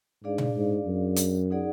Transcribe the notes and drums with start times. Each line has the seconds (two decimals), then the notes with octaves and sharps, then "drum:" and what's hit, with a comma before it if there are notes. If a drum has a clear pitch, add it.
0.24 G#2 D4 G#4 D5 F5
0.38 drum: tom A#2
0.56 G#2
0.87 F#2
1.16 drum: hi-hat
1.51 D#4 G#4 D5 F#5